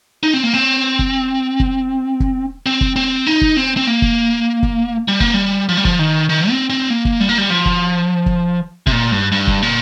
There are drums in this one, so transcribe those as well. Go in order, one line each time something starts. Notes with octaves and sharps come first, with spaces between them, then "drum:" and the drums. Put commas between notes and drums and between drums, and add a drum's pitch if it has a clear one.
D#4
C4
A#3
C4
drum: kick
drum: kick
drum: kick
C4
drum: kick
C4
D#4
drum: kick
C4
C4
A#3
drum: kick
drum: kick
G3
A#3, drum: kick
G3
F3
G3
F3, drum: kick
D#3
D#3
C4
C4
A#3
drum: kick
G3
A#3
G3
F3
drum: kick
drum: kick
C3, drum: kick
A#2
G2
G2
drum: kick
A#2